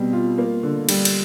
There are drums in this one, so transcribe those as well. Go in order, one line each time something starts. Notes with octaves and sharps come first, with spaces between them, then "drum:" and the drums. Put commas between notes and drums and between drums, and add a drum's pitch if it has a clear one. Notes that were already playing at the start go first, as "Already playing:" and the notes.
Already playing: B2 G3 C4
F4
A#3
D3
G3, drum: cymbal
drum: cymbal